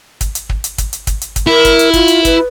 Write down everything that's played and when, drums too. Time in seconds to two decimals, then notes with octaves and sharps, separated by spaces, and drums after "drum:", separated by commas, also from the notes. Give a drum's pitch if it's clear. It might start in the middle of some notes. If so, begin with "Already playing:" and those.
0.21 drum: kick, hi-hat
0.35 drum: hi-hat
0.49 drum: kick
0.64 drum: hi-hat
0.78 drum: kick, hi-hat
0.93 drum: hi-hat
1.07 drum: kick, hi-hat
1.21 drum: hi-hat
1.36 drum: kick, hi-hat
1.47 E4 A#4
1.65 drum: kick, hi-hat
1.79 drum: hi-hat
1.94 F4, drum: kick, hi-hat
2.08 drum: hi-hat
2.25 B4, drum: kick, hi-hat